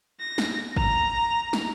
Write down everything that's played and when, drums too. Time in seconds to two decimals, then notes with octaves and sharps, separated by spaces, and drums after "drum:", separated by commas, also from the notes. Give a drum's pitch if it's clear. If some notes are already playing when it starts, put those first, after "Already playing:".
0.20 A#6
0.38 drum: snare
0.76 A#5, drum: kick
1.53 drum: snare